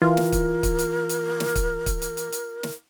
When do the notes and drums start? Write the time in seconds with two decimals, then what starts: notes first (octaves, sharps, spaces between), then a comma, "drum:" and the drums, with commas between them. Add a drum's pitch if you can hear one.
0.02 E3 F4 A#4
0.17 drum: snare
0.32 drum: kick, hi-hat
0.63 drum: kick, hi-hat
0.79 drum: hi-hat
1.09 drum: hi-hat
1.40 drum: snare
1.55 drum: kick, hi-hat
1.86 drum: kick, hi-hat
2.02 drum: hi-hat
2.17 drum: hi-hat
2.32 drum: hi-hat
2.63 drum: snare